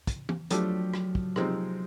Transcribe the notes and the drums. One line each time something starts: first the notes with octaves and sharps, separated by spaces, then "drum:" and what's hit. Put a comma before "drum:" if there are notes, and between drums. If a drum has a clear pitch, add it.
drum: kick, hi-hat
drum: tom E3
F3 F#3 A3 D4 G4, drum: hi-hat
drum: rim click
drum: kick
C3 F3 G#3 C4 D#4, drum: rim click